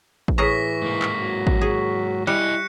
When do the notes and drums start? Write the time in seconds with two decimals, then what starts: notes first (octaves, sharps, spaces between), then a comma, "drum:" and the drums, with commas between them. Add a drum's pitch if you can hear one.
0.28 drum: kick A1
0.38 A2 E3 G#4 A#5 C#6 A#6 B6
0.82 G#2 A#3
1.02 drum: clap
1.20 F#3
1.47 drum: kick A1
1.61 G#4
2.27 G3 E4 D#5 E5 G#5 F#6 C#7